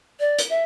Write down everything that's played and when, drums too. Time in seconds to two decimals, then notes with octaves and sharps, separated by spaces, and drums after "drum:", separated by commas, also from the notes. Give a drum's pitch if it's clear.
0.20 D5
0.38 drum: hi-hat
0.50 E5